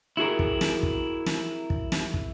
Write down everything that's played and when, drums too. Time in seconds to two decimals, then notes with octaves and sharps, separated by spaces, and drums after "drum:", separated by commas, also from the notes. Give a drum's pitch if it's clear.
0.17 E4 F#4 G#4 A#4
0.39 drum: kick
0.61 drum: snare
0.83 drum: kick
1.26 drum: snare
1.70 drum: kick
1.92 drum: snare
2.14 drum: kick